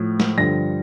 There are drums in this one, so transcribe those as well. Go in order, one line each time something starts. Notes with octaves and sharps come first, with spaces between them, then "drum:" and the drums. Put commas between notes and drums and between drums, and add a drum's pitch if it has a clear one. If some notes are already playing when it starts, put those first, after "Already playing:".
Already playing: A2 F3
drum: snare
G2 D3 F3 A#6